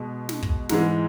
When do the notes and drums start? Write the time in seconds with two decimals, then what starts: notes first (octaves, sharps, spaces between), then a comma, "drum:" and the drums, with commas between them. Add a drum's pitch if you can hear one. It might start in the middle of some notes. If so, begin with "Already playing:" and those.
Already playing: B2 G#3
0.29 drum: snare
0.43 drum: kick
0.69 G#2 E3 G#3, drum: snare